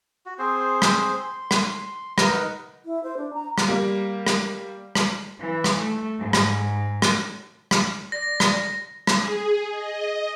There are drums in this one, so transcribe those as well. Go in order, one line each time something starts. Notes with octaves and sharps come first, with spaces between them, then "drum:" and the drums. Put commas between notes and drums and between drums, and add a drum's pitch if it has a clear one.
F#4
C4 G#4 C5
drum: rim click
C6
drum: rim click
D#4 A#4 B4 F#5, drum: rim click
E4
C5
D4
A#5
drum: rim click
G3 A#3
drum: rim click
drum: rim click
E3
drum: rim click
A3
G#2
drum: rim click
drum: rim click
drum: rim click
D5 A#6
drum: rim click
G#4, drum: rim click
D#5